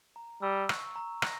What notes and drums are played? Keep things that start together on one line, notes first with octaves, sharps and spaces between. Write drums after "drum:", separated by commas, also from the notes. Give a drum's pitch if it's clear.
A#5
G3 E6
C#6, drum: rim click
A#5
A#6, drum: rim click